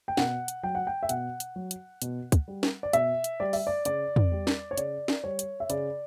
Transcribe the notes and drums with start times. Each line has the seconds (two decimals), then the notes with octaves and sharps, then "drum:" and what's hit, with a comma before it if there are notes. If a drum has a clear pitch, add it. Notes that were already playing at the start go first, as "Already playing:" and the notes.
0.08 G5
0.17 B2 F#5, drum: snare
0.48 drum: hi-hat
0.63 F#3 G5
0.75 F#5
0.87 G5
1.03 E5
1.09 B2 F#5, drum: hi-hat
1.40 drum: hi-hat
1.56 F#3
1.71 drum: hi-hat
2.02 B2, drum: hi-hat
2.32 drum: kick, hi-hat
2.48 G3
2.63 drum: snare
2.83 D5
2.93 B2 E5, drum: hi-hat
3.24 drum: hi-hat
3.40 G3 D5
3.53 E5, drum: open hi-hat
3.67 D5
3.85 C#3 D5, drum: hi-hat
4.16 drum: tom
4.32 G3
4.47 drum: snare
4.71 C#5
4.78 C#3 D5, drum: hi-hat
5.08 drum: snare
5.24 G3 C#5
5.39 drum: hi-hat
5.60 E5
5.70 C#3 D5, drum: hi-hat